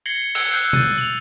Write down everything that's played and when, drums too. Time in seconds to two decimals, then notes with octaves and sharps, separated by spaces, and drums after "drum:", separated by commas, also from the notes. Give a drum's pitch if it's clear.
0.06 G#6 A#6 C7 C#7 F#7 G7
0.35 E6 F#6 G#6 C#7 G7, drum: open hi-hat
0.52 E6 F#6 G6 C7
0.73 A6 D#7, drum: tom B2
0.98 F7 F#7